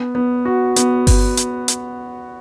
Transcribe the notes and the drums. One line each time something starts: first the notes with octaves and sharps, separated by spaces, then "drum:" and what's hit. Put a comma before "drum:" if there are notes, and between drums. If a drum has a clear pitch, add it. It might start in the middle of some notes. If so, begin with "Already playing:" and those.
Already playing: B3
B3
F#4
B3, drum: hi-hat
B3, drum: kick G1, open hi-hat
drum: hi-hat
drum: hi-hat